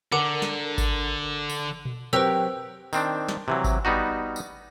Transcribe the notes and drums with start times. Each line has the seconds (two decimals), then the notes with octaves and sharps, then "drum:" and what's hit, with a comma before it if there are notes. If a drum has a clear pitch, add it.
0.12 D3 A#4 F#5 D6
0.42 drum: snare
0.78 drum: kick G#1, tambourine
1.50 drum: tambourine
1.85 drum: tom A#2
2.13 F#3 C4 G4 A#4 B4 E6
2.93 D#3 C4 D4, drum: tambourine
3.29 drum: snare
3.48 C3 E3 F#3
3.64 drum: kick G#1, tambourine
3.85 G3 B3 D#4 F#4
4.36 drum: tambourine